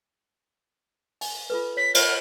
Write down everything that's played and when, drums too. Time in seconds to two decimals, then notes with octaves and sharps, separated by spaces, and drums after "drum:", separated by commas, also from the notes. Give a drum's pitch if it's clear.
1.21 G#5, drum: open hi-hat
1.50 F4 A4 B4
1.77 C#5 B6
1.95 F4 C#5 F6, drum: cymbal